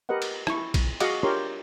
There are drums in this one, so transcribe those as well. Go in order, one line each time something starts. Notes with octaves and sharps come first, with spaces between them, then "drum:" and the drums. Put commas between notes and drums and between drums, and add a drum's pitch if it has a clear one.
G4 A#4 B4 D#5 F#5
drum: cymbal
E4 C#6, drum: rim click
drum: kick B1, cymbal
F#4 G#4 D#5 F5 F#5 D6, drum: cymbal
D4 F4 G4 A#4 C#5 C6